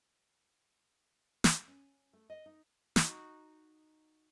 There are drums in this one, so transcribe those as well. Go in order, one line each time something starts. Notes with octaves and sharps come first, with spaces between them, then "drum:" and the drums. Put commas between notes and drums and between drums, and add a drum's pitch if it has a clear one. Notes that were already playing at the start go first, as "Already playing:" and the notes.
drum: snare
C#4
A3
D#5
D#4
D#4 F#4, drum: snare